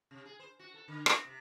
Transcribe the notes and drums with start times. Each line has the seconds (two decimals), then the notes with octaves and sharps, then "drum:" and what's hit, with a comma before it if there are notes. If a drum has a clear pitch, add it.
0.11 C3
0.25 G#4
0.39 C5
0.59 F#4
0.74 A4
0.88 D3
1.06 C4, drum: rim click
1.25 C3